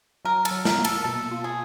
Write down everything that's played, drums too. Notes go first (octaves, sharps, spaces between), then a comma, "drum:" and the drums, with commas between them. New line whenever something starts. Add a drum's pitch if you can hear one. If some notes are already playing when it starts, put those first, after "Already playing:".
F#3 A#4
A4, drum: cymbal
F#3
A#4, drum: snare
A#3
A4, drum: cymbal
B2 A4
F4
G#4